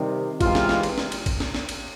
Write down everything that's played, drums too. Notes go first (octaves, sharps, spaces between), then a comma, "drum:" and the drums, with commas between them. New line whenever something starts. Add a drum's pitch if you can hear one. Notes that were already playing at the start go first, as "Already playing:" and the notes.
Already playing: C3 D#3 G3
C3 E3 G#3 F4, drum: kick G#1, cymbal
drum: snare
drum: snare
drum: cymbal
drum: snare
drum: cymbal
drum: kick G#1, cymbal
drum: snare
drum: snare
drum: cymbal